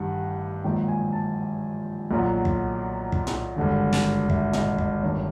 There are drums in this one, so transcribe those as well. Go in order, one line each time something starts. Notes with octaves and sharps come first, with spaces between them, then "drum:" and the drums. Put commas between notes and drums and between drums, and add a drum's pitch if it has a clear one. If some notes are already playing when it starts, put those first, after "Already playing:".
Already playing: A1 G2 D#3 G3 F#5
A#1 G#2 D#3 F#3 G5
G#5
A5
B1 A#2 F#3
drum: kick
drum: kick
drum: tom A2
G#1 G2 D3
drum: snare
E5, drum: kick
D#5, drum: tom A2
D#5, drum: kick
G1 G2 D#3 C#5